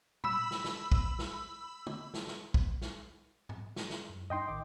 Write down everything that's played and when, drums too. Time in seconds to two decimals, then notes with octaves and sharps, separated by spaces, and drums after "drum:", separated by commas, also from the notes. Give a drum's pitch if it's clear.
0.24 B5 E6, drum: tom
0.51 drum: snare
0.64 drum: snare
0.92 drum: kick
1.19 drum: snare
1.87 drum: tom
2.14 drum: snare
2.27 drum: snare
2.54 drum: kick
2.81 drum: snare
3.49 drum: tom
3.76 drum: snare
3.90 drum: snare
4.09 F#2
4.30 G2 D#4 D#5 G5 C6
4.48 A1 D#3 D6